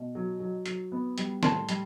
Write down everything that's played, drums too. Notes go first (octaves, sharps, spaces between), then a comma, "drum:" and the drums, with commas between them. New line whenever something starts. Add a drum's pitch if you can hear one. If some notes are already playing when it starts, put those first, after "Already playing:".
Already playing: B2
F#3
F#3
F#3, drum: hi-hat
B3
G3, drum: hi-hat
A2 A5 C6, drum: snare
G3, drum: hi-hat